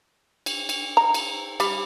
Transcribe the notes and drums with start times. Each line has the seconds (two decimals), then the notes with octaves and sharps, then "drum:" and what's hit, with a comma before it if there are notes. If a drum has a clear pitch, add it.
0.46 drum: cymbal
0.69 drum: cymbal
0.97 A#5
1.14 drum: cymbal
1.60 G3, drum: cymbal